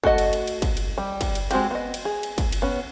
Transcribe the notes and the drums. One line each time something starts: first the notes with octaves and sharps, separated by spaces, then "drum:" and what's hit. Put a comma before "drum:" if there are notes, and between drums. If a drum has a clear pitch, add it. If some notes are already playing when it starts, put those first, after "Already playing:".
A3 F#4 A4 D#5 F#5, drum: kick
drum: cymbal
drum: cymbal
drum: cymbal
drum: kick, cymbal
drum: cymbal
G3
drum: kick, cymbal
drum: cymbal
G#3 C4 F#4 G4, drum: cymbal
B3 D#5
drum: cymbal
G#4
drum: cymbal
drum: kick, cymbal
drum: cymbal
B3 C#4